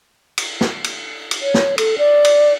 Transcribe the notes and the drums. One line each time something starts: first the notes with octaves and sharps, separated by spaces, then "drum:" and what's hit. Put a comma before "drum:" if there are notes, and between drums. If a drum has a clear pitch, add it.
drum: cymbal
drum: snare
drum: cymbal
drum: cymbal
C#5
drum: snare
A4, drum: cymbal
D5
drum: cymbal